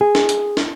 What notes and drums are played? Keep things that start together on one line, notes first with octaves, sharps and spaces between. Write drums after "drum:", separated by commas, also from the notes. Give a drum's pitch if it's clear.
G#4
drum: snare
drum: hi-hat
drum: snare